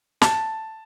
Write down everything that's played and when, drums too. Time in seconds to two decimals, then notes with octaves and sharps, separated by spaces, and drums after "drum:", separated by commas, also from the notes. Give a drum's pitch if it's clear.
0.22 A5, drum: snare